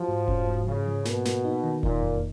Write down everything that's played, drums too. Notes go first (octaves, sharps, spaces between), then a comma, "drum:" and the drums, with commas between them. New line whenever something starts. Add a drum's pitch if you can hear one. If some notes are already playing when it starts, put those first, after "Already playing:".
Already playing: F3 F#4
G#2
C#4, drum: kick E1
G#2
C#3 F3
F3
B2 A#3, drum: snare
A#3, drum: snare
D#4
D#3
A#2 D#4, drum: kick E1
F2